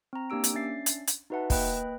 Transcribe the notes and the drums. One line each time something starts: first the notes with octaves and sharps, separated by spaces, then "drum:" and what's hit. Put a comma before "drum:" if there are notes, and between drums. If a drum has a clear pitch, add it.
C4 A#5
A#3 D4 G4 E6 D7
drum: hi-hat
C#4 D4 E5 A6 C7
drum: hi-hat
drum: hi-hat
D#4 F#4 B4 E5 F#5 A5
A#3 B4 D#5 G5 B5 F#6, drum: kick, open hi-hat